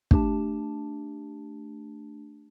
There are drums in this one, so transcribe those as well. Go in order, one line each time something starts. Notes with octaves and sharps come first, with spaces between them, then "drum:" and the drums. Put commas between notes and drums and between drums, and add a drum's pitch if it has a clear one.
A3 D4 G4 A5, drum: kick